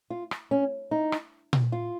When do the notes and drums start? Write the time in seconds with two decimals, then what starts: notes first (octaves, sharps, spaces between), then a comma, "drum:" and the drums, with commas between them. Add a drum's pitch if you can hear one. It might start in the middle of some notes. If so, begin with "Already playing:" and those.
0.10 F4
0.31 drum: rim click
0.51 C#4
0.91 D#4
1.12 drum: rim click
1.53 drum: tom A#2
1.72 F4